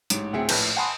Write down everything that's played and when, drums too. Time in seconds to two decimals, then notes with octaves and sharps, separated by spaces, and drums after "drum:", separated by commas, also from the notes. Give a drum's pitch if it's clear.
0.10 A1 G#2 D7, drum: hi-hat
0.33 D2 A2 C4 G#4 E5 C#7
0.49 A#1 A2 E4 B4 A5 G6, drum: cymbal
0.76 F#5 G#5 A5 B5 C6 D#6